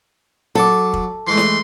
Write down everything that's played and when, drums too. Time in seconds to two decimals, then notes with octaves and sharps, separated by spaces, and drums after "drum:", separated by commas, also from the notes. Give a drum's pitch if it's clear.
0.55 F#3 A4 A5 D6
0.93 drum: kick
1.27 E3 G#3 A3 C6
1.37 drum: snare